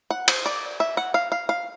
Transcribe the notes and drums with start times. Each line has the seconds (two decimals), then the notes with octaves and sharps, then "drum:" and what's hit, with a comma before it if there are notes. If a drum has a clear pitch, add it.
0.10 F#5
0.28 C5, drum: cymbal
0.46 D5
0.80 E5
0.97 F#5
1.14 F5
1.32 F5
1.49 F5